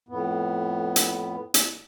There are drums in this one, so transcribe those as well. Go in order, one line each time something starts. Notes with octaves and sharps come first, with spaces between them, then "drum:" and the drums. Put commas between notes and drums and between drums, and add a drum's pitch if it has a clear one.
F2 A2 B3
drum: hi-hat
drum: hi-hat